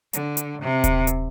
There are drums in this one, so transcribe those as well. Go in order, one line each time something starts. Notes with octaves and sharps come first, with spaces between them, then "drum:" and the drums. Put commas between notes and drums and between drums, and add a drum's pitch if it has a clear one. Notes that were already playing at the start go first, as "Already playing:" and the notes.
D3, drum: hi-hat
drum: hi-hat
C3
drum: kick D#1, hi-hat
drum: hi-hat